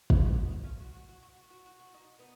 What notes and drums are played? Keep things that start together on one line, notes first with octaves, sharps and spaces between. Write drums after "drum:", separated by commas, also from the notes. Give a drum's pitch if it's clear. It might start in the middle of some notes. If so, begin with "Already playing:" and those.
F3, drum: kick
F#3
C#3 F3
D#3 F#3
D#3 F#3
C#4 F4
F#4
F#4
F#4
F#4
F#4
F#4
F#4
F#4
D#4 F#4
B3 D#4